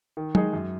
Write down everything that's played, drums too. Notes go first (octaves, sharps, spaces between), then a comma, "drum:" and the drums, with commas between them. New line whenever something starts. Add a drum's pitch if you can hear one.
D#3
G#3 D#4 G#4, drum: tom F#3
F#2